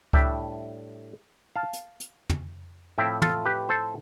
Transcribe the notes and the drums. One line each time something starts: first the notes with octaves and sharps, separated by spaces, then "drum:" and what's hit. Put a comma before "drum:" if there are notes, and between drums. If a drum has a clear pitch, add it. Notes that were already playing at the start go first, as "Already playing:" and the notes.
A2 G3 D4 E5 G5, drum: kick C#2
F5 A5
drum: hi-hat
drum: hi-hat
drum: tom
A2 F3 C4 E4 E5 G5
F4 A4, drum: tom
G4 B4
A4 C5